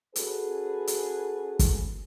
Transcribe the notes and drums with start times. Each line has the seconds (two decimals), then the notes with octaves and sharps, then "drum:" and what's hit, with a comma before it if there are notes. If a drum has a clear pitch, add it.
0.16 C#4 F#4 G#4 A4 B4, drum: hi-hat
0.87 drum: hi-hat
1.59 drum: kick, hi-hat